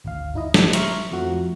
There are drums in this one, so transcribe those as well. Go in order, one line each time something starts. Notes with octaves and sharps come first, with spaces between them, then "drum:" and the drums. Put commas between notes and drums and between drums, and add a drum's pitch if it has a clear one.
G#1 D2 F5
G1 D#4 E4 D#5
G1 G4 A#6, drum: snare
E5 A#5 C6 C#6 F6, drum: hi-hat
F2 F3 A3 F#4